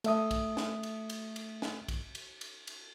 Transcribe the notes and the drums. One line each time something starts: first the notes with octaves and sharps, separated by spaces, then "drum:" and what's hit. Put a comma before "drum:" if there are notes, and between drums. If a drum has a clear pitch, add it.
A3 E5 D#6, drum: cymbal
drum: kick, cymbal
drum: snare
drum: cymbal
drum: cymbal
drum: cymbal
drum: snare
drum: kick, cymbal
drum: cymbal
drum: cymbal
drum: cymbal